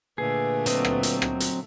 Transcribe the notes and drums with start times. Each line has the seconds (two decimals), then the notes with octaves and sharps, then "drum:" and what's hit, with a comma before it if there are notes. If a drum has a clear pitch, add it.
0.18 A#2 D3 A3 G#4 B4
0.66 F#3 C4 D#5, drum: hi-hat
0.85 drum: rim click
1.03 drum: hi-hat
1.22 drum: rim click
1.40 drum: hi-hat